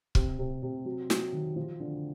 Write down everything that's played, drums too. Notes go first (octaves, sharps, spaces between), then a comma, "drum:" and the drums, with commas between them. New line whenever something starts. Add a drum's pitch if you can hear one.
C3, drum: kick
C3
C3
F#3
F#3, drum: snare
D#3
F3
D3